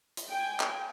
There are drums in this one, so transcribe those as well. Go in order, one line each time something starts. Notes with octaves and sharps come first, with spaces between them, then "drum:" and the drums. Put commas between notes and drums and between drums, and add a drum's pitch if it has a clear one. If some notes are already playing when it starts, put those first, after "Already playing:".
drum: hi-hat
G5 G#5
drum: clap